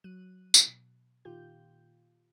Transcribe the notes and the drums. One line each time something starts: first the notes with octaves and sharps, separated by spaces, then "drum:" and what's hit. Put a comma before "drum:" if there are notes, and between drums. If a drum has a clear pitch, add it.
F#3 F#6 D#7
drum: tambourine
B2
A#2 D#3 F4 G4 G6